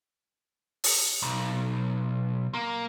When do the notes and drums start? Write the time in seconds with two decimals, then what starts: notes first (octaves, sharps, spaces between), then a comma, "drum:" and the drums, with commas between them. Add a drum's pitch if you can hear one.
0.84 drum: open hi-hat
1.22 B1
2.54 A#3